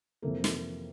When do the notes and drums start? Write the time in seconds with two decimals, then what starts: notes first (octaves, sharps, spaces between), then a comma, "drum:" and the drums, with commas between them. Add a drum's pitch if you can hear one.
0.22 F2 C3 E3 A#3 A4
0.44 drum: snare